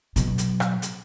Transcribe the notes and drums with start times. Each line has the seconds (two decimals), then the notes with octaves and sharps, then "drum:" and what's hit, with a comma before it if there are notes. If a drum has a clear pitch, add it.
0.16 B2 F#3, drum: hi-hat
0.38 drum: hi-hat
0.60 drum: rim click
0.82 drum: hi-hat